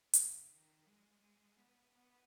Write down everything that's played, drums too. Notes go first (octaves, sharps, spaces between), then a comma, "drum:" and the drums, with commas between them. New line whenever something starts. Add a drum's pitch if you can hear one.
C#3, drum: hi-hat
D#3
G#3
G#3
B3
B3